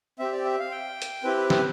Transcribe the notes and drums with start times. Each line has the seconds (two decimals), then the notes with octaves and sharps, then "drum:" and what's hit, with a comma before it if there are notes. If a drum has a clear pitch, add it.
0.19 C4 G4 E5
0.32 D5
0.45 E5
0.59 F5
0.71 G5
1.02 drum: hi-hat
1.23 C4 E4 G4 B4
1.37 B4
1.50 B4, drum: snare